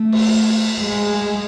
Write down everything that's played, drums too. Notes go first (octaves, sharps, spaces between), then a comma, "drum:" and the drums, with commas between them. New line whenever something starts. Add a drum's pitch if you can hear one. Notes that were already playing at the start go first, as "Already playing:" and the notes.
Already playing: A3
drum: cymbal
G#3